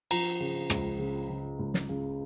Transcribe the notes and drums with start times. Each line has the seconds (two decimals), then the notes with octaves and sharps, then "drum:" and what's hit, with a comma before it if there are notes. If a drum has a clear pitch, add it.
0.11 F3 A#5, drum: cymbal
0.40 C#3
0.70 C#2, drum: rim click
0.99 C#3
1.29 C#3
1.59 C#2
1.74 drum: snare
1.89 C#3